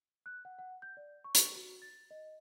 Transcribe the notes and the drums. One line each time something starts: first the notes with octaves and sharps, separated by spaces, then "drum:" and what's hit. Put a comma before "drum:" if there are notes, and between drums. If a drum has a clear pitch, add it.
F#6
F#5
F#5
G6
D5
C#6
drum: hi-hat
F#4
A6
D#5